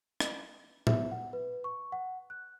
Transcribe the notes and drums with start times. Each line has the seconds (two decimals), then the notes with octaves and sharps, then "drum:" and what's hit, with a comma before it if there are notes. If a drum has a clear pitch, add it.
0.20 drum: rim click
0.87 E5, drum: tom
1.11 F#5
1.33 B4
1.64 C#6
1.92 F#5
2.30 F#6